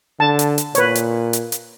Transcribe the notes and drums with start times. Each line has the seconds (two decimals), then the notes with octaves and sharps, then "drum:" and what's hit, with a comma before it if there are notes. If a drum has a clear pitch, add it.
0.20 D3 A5
0.39 drum: hi-hat
0.58 drum: hi-hat
0.75 A#2 B4 C#5, drum: hi-hat
0.95 drum: hi-hat
1.33 drum: hi-hat
1.52 drum: hi-hat